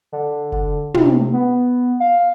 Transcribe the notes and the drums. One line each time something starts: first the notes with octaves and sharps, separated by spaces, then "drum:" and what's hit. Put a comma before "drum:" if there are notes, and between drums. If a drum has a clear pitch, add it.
D3
D3, drum: kick F1
C3, drum: tom
B3
F5